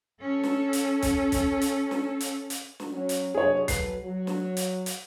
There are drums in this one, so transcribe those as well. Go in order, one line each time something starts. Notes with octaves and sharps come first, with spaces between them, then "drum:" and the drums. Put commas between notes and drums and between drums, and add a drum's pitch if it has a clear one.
C#4 A4
drum: snare
drum: hi-hat
drum: kick, hi-hat
drum: kick, hi-hat
drum: hi-hat
drum: snare
drum: hi-hat
drum: hi-hat
drum: snare
F#3 C#4
drum: hi-hat
C3 F#3 D4 G#4 C#5
F#3 A4 B4 C7, drum: kick, hi-hat
F#3
drum: snare
drum: hi-hat
drum: hi-hat